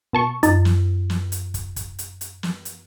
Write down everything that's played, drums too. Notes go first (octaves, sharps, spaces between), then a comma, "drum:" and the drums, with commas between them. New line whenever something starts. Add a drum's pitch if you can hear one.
B2 A5 C#6
F#2 D#4 A6, drum: hi-hat
drum: snare
drum: snare
drum: hi-hat
drum: kick, hi-hat
drum: kick, hi-hat
drum: hi-hat
drum: hi-hat
drum: snare
drum: hi-hat